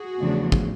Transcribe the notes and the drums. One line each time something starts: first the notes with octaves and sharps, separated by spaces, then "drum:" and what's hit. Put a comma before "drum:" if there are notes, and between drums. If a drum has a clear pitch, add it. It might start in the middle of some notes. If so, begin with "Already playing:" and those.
Already playing: F#4 G#4
E2 C#3 F3 A3 D4
drum: kick